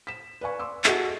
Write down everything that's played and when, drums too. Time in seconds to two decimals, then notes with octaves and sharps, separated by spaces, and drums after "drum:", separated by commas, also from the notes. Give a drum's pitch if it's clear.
0.07 B6 E7
0.41 B4 D5 F5 G#5 C#6
0.59 C6 D6 E6
0.84 F#4 G#4 A4 D#5 E5, drum: clap